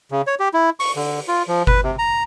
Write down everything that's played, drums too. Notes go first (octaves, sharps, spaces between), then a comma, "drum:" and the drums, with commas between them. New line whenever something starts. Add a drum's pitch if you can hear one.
C#3
C#5
G4
E4
C#6, drum: open hi-hat
D3
F4
F3
B4, drum: kick G1
C3
A#5